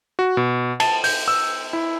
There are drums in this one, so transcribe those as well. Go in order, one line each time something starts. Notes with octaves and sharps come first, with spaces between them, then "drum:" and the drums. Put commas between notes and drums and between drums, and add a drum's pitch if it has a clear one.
F#4
B2
A5, drum: cymbal
G6, drum: open hi-hat
E6
E4